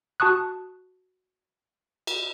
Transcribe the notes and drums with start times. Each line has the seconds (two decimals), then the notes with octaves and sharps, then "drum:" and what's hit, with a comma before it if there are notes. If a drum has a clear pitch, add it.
0.20 F#4 A5 C#6 D#6 F#6
2.07 drum: cymbal